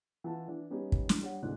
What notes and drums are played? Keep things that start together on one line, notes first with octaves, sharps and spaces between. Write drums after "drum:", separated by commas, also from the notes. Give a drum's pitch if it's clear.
E3 F4 F#5 A5
E3 D4
G3 B3 C#4 D#4 G4
drum: kick
drum: snare
G3 D4 C#5 F#5
F1 D2 G#2 D4 E4 F#6